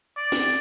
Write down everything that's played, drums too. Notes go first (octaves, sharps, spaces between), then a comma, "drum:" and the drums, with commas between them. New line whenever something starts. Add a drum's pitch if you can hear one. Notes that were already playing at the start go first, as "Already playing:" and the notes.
D5
drum: snare